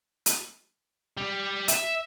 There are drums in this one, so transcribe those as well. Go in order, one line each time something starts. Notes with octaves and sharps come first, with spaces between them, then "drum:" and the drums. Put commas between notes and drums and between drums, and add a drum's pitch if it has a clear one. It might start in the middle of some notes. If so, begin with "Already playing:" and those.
drum: hi-hat
G3
E5, drum: hi-hat